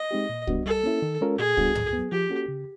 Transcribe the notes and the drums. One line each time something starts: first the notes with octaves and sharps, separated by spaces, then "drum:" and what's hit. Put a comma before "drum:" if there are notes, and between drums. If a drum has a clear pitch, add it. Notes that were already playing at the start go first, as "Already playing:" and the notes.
Already playing: D#5
G#3 C4 D#4 G4
A#2
G3 B3 D4 F#4, drum: kick C2
G3 A4
A#3 C#4 E4
D#3
G#3 C#4 F4 A#4
A#2 G#4
G3 B3 D4 F#4, drum: kick C2
A2, drum: tom
F#3 B3
F3 G4
A#3 C#4 F#4 A4
C#3